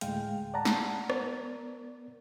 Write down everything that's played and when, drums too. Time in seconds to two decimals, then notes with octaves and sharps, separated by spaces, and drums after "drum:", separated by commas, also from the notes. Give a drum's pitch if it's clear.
0.01 D2 A2 G#3 F5 G5, drum: hi-hat
0.54 D5 F#5 A5 A#5
0.65 drum: snare
1.10 B3 A#4 D5, drum: rim click